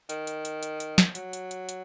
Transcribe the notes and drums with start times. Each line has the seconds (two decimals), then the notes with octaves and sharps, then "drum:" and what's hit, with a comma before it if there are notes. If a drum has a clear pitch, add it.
0.09 D#3, drum: hi-hat
0.27 drum: hi-hat
0.45 drum: hi-hat
0.63 drum: hi-hat
0.80 drum: hi-hat
0.98 drum: snare
1.15 F#3, drum: hi-hat
1.33 drum: hi-hat
1.51 drum: hi-hat
1.69 drum: hi-hat